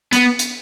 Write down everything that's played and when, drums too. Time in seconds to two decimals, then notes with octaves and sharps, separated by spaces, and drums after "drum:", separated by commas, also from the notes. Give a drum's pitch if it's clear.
0.13 B3, drum: hi-hat
0.39 drum: hi-hat